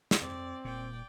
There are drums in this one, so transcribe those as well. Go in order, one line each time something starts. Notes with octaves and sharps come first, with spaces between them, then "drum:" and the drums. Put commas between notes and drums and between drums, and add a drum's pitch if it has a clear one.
drum: snare
F2 C4 D5
D#1 A#2 D5 G5